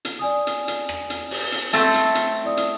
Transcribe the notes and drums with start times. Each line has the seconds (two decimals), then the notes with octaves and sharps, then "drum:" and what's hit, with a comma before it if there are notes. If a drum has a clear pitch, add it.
0.05 drum: hi-hat
0.19 D5 G#5 D#6
0.47 drum: hi-hat
0.68 drum: hi-hat
0.89 drum: rim click
1.10 drum: hi-hat
1.31 drum: open hi-hat
1.52 drum: hi-hat
1.73 A3 C4 A4, drum: hi-hat
1.94 drum: hi-hat
2.15 drum: hi-hat
2.44 E4 D5 D#6
2.57 drum: hi-hat